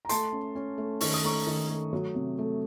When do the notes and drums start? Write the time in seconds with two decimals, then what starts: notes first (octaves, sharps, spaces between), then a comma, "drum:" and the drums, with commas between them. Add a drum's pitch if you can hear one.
0.05 A#5
0.09 A3 A5 C6, drum: hi-hat
0.32 C#4
0.55 C#4
0.78 A3
1.01 D#3 C#6, drum: open hi-hat
1.14 D#6
1.23 A3 A#5 C#6
1.47 D#3
1.69 A3
1.93 F#3
2.15 C3
2.38 A3